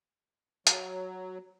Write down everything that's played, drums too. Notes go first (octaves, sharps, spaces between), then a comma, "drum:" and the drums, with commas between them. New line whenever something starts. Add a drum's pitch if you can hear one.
F#3, drum: hi-hat